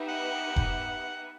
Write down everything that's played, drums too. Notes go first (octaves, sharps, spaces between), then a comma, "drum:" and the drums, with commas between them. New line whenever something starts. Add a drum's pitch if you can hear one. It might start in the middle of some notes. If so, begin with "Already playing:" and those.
Already playing: B3 D#4 G4 B4 E5
F#5
drum: kick E1